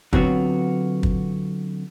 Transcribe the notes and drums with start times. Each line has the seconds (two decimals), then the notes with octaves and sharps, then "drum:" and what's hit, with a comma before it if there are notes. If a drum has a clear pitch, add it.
0.13 D3 F#3 B3 C4 F4 F#4, drum: kick
1.03 drum: kick